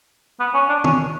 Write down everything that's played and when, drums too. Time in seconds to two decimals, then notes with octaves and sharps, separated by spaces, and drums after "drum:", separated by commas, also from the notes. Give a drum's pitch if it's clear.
0.40 B3
0.54 C#4
0.69 D4
0.84 C#4, drum: tom